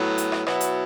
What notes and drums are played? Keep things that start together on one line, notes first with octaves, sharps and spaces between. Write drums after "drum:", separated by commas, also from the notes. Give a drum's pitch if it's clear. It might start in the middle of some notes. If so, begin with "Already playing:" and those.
Already playing: A2 F#3 B3
drum: hi-hat
drum: rim click
B2 F#3 B3 E4, drum: rim click
drum: hi-hat